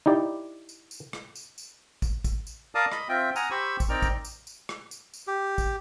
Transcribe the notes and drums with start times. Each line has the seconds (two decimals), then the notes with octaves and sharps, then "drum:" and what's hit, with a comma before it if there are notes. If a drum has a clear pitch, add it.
0.06 D#4 E4 G4 D5
0.69 drum: tambourine
0.91 drum: tambourine
1.13 drum: rim click
1.36 drum: tambourine
1.58 drum: tambourine
2.02 drum: kick, tambourine
2.24 drum: kick, tambourine
2.47 drum: tambourine
2.75 A#4 D5 F5 A5 D#6
2.92 D#5 B5, drum: rim click
3.09 C4 F4 E5 G5
3.36 F#5 G#5 A#5 D#6 F6, drum: tambourine
3.51 G4 C5 B5 C#6 E6
3.80 drum: kick, tambourine
3.89 C4 D#4 A#4 D5 G5 F6
4.02 drum: kick, tambourine
4.25 drum: tambourine
4.47 drum: tambourine
4.69 drum: rim click
4.91 drum: tambourine
5.14 drum: tambourine
5.27 G4
5.58 drum: kick, tambourine